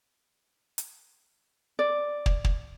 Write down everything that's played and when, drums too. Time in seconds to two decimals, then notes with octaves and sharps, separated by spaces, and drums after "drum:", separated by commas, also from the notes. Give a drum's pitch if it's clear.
0.78 drum: hi-hat
1.79 D5
2.26 drum: kick
2.44 drum: kick